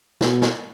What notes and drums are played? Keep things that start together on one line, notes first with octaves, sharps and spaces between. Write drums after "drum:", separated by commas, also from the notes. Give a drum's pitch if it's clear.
B2, drum: snare
drum: snare